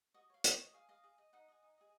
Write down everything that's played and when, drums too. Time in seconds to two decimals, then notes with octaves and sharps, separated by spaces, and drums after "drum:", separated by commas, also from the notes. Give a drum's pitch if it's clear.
0.14 F#4 D#5
0.30 C#5 F5
0.44 F#4 D#5, drum: hi-hat
0.59 C#5 D#5
0.73 G#4 F5
0.89 D#5 F5
1.04 G#4
1.18 D#5
1.33 D#4 F#5
1.48 G#4 D#5
1.63 D#4
1.78 G#4 D#5